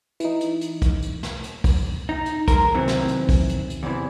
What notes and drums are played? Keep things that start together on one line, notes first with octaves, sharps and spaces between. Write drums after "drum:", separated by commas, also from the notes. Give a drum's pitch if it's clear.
E3 D#4, drum: hi-hat
drum: hi-hat
drum: hi-hat
drum: kick, hi-hat
drum: hi-hat
drum: snare
drum: hi-hat
drum: kick, open hi-hat
D#4
drum: hi-hat
G#3 A#4, drum: kick, hi-hat
C3 D#3 E3 F#3 C4
drum: snare
drum: hi-hat
drum: kick, open hi-hat
drum: hi-hat
drum: hi-hat
E2 C3 E3